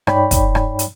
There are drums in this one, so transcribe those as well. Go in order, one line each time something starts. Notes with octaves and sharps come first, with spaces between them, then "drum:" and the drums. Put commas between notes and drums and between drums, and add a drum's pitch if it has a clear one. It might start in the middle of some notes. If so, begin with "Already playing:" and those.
G2 D#4 C#5 D5 G5 B5, drum: rim click
drum: kick, hi-hat
drum: rim click
drum: hi-hat